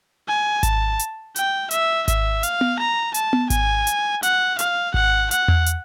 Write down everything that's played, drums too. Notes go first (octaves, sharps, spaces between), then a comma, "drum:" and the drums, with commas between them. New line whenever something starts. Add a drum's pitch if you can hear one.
G#5
A5, drum: kick G#1, hi-hat
drum: hi-hat
G5, drum: hi-hat
E5, drum: hi-hat
E5, drum: kick G#1, hi-hat
F5, drum: hi-hat
drum: tom B3
A#5
A5, drum: hi-hat
drum: tom B3
G#5, drum: kick G#1, hi-hat
drum: hi-hat
F#5, drum: hi-hat
F5, drum: hi-hat
F#5, drum: kick G#1
F#5, drum: hi-hat
drum: tom E2
drum: hi-hat